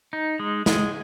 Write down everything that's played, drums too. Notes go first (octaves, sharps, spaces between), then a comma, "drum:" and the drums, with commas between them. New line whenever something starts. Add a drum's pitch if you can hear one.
D#4
G#3
G#3, drum: snare